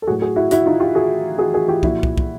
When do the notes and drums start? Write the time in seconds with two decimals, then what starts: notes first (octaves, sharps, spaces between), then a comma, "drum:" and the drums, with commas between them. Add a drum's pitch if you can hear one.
0.02 A4
0.07 A2 F#3 F#4 G#4
0.22 F#4 G#4
0.36 E4 F#4
0.51 E4 F#4, drum: hi-hat
0.66 D#4 F4
0.80 F4 G4
0.95 F#4 G#4
1.38 F#4 G#4
1.54 F#4 G#4
1.68 F4 G4
1.83 A#2 F3 E4 F#4, drum: kick
2.03 drum: kick
2.18 drum: kick